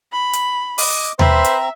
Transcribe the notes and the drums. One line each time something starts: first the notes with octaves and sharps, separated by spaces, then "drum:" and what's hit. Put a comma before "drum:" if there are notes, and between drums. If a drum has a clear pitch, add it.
B5
drum: hi-hat
D#5 D6, drum: open hi-hat
C4 B4 C5 E5 A#5, drum: tom D#2
drum: hi-hat